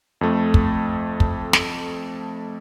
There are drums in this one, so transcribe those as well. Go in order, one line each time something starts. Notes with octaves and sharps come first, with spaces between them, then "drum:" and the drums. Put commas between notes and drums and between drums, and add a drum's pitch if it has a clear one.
F2 A3
drum: kick
drum: kick
drum: snare